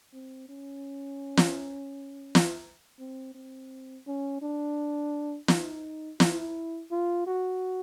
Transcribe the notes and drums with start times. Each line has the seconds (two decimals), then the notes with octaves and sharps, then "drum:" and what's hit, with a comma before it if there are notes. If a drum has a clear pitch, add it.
0.13 C4
0.49 C#4
1.37 drum: snare
2.35 drum: snare
2.99 C4
3.35 C4
4.07 C#4
4.42 D4
5.48 D#4, drum: snare
6.20 E4, drum: snare
6.91 F4
7.27 F#4